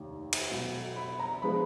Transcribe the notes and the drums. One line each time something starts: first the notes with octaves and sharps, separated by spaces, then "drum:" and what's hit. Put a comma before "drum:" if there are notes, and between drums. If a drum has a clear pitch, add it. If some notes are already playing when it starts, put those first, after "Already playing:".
Already playing: F1 D#2 D#3
drum: cymbal
B1 B2 F#3
B5
A#5
F3 G#3 B3 B5